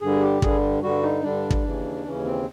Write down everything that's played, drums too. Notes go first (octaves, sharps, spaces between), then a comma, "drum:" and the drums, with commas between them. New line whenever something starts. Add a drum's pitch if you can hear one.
G2 D3 G3 G#4
G4
G2 D3 G3 G#4, drum: kick
G2 D3 G3 F#4
D#4
G2 D3 G3 D4
drum: kick
D#2 C#3 E3
D#2 C#3 E3 C#4
C4